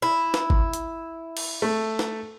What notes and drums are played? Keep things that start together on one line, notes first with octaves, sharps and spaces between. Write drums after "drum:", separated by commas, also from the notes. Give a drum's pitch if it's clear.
E4
drum: snare
drum: kick G#1
drum: hi-hat
drum: cymbal
A3
drum: snare